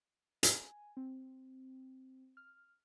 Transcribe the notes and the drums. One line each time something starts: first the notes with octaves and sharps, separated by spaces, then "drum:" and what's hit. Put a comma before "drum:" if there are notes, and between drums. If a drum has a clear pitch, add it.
G#5, drum: hi-hat
C4
F6